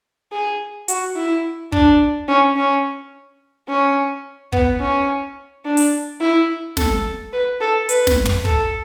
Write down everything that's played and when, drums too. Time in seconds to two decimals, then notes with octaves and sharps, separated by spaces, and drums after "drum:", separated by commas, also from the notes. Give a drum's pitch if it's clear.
0.32 G#4
0.88 F#4, drum: hi-hat
1.16 E4
1.72 D4, drum: kick
2.28 C#4
2.56 C#4
3.68 C#4
4.52 B3, drum: kick
4.80 C#4
5.65 D4
5.77 drum: open hi-hat
6.21 E4
6.77 A4, drum: snare
7.33 B4
7.61 A4
7.89 B4, drum: hi-hat
8.07 drum: snare
8.25 drum: tom
8.45 A4, drum: kick